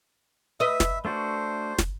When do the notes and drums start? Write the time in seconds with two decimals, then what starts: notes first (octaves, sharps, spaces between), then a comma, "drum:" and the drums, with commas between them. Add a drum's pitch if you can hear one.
0.60 B4 D#5 E5
0.80 drum: snare
1.05 A3 D4 F#4 C5
1.78 drum: snare